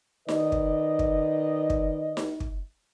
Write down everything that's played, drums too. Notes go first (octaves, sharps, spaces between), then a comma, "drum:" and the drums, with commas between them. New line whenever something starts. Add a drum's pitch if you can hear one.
D#3 B4 D5 D#5, drum: snare D#4
drum: kick
drum: kick
drum: kick
drum: snare D#4
drum: kick